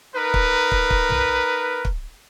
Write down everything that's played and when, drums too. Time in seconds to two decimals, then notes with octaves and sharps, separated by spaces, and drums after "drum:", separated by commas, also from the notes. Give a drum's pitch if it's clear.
0.15 D#4 A#4 B4
0.34 drum: kick
0.71 drum: kick
0.90 drum: kick
1.09 drum: tom
1.85 drum: kick